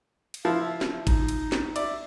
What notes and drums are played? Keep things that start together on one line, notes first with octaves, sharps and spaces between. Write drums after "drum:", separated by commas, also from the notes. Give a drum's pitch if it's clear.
drum: cymbal
F3 E4 F5
E5
drum: snare
D#4, drum: kick, cymbal
drum: cymbal
drum: snare
D5 E5, drum: cymbal